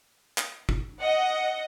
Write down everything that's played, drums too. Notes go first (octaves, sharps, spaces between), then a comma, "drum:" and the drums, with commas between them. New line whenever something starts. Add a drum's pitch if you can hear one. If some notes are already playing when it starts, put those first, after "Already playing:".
drum: clap
drum: kick G1
D#5 F#5